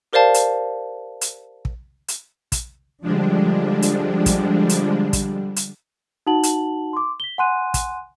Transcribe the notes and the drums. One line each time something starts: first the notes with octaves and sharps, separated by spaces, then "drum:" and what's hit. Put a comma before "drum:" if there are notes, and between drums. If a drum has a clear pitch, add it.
G4 A#4 C5 D5 F5 A5
drum: hi-hat
drum: hi-hat
drum: kick
drum: hi-hat
drum: kick, hi-hat
D3 F3 G3 G#3 D4
drum: hi-hat
drum: kick, hi-hat
drum: hi-hat
drum: kick, hi-hat
drum: hi-hat
D#4 F#4 F#5 A5 F#7
drum: hi-hat
C6 D6
B6 G7
F#5 G#5 C6 F#6 D#7
drum: kick, hi-hat